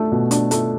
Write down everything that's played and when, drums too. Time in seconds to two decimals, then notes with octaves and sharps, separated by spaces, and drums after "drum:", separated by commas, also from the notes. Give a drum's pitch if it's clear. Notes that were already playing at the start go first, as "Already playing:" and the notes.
Already playing: A3 D4
0.12 B2
0.31 D4, drum: hi-hat
0.51 A3, drum: hi-hat